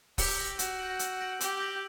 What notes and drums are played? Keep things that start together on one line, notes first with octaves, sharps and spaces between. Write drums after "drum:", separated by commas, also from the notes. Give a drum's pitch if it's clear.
G4 E6, drum: kick, open hi-hat
G6 A#6 D7 F#7
F#4 E6, drum: hi-hat
G6 A#6 D7 F#7
E6, drum: hi-hat
G6 A#6 D7 F#7
G4 E6, drum: hi-hat
G6 A#6 D7 F#7